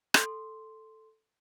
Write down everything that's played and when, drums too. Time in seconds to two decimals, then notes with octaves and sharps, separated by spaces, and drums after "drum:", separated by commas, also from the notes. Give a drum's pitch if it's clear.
0.14 A4 C6, drum: rim click